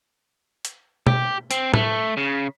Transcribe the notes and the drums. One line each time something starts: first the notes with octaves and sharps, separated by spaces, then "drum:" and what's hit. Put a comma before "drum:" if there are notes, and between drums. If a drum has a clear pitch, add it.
drum: hi-hat
G4, drum: tom
C4, drum: hi-hat
A3, drum: tom
C#3